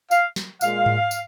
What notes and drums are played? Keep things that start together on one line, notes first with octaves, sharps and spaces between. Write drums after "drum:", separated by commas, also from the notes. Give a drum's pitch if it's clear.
F5, drum: tambourine
drum: snare
A#2 G#3 F5, drum: tambourine
drum: tom G#2
drum: tambourine